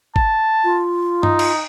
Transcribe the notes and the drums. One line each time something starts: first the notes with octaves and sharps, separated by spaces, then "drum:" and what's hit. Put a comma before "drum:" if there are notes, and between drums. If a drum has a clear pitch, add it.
A5, drum: kick G#1
F4
D#4, drum: tom G2
drum: cymbal